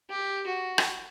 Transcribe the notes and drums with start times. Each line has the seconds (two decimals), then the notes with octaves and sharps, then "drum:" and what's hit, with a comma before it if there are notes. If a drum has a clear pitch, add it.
0.10 G4
0.47 F#4
0.78 drum: rim click